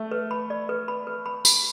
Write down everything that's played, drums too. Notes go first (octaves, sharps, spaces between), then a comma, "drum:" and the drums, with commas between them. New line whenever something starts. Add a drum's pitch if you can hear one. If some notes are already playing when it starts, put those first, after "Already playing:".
Already playing: A3
B4
B5
D5
B4
B5
B4
B5
B5, drum: tambourine